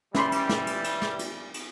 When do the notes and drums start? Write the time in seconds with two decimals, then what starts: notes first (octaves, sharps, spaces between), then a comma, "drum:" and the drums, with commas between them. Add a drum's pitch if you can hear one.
0.15 E3 G3 C#4 B5 C6, drum: snare
0.32 drum: cymbal
0.49 drum: snare
0.67 drum: cymbal
0.84 drum: cymbal
1.02 drum: snare
1.19 drum: cymbal
1.54 drum: cymbal